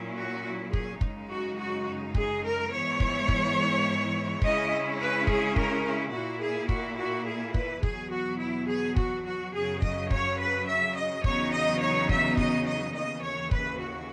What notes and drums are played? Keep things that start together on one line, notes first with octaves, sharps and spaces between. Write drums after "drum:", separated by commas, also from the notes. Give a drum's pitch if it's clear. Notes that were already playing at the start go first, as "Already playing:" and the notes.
Already playing: A#2 F#3 C#4 E4
F#4
E4
G#4, drum: kick
F#2 C#3 G#3 D#4, drum: kick
F#4
F#4
G#4, drum: kick
A#4
G#2 E3 B3 E4 C#5
drum: kick
drum: kick
C#3 G#3 C#4 E4 D#5, drum: kick
B4
G#4, drum: kick
A#4, drum: kick
E4
A#2 A#3 E4 F#4
G#4
F#4, drum: kick
F#4
G#4
B4, drum: kick
E2 B2 F#3 B3 G#4, drum: kick
F#4
E4
G#4
F#4, drum: kick
F#4
F#2 C#3 F#3 G#4
D#5, drum: kick
C#5, drum: kick
B4
E5
D#5
E2 C#3 F#3 B3 D#4 C#5, drum: kick
D#5
C#5
E5, drum: kick
D#5, drum: kick
D#5
D#2 C#3 E3 D#5
C#5
B4, drum: kick
F#4